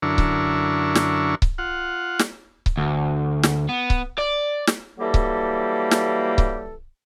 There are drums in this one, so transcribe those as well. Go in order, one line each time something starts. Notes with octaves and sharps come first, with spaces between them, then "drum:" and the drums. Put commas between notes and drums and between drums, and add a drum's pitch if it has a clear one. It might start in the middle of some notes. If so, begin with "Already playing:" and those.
F#2 D3 D4 E4 A#4 C#6
drum: kick C#1
drum: snare
drum: kick C#1
F4 F#5
drum: snare
drum: kick C#1
D2
drum: snare
B3
drum: kick C#1
D5
drum: snare
E3 F#3 G3 A#3 G4 A4
drum: kick C#1
drum: snare
drum: kick C#1